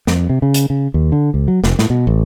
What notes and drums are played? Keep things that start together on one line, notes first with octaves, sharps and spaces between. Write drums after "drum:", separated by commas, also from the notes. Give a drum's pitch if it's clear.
F2, drum: snare
C3
C#3
drum: hi-hat
C#3
D#2
D3
C#2
F#3
F1, drum: snare
A2, drum: snare
B2
A1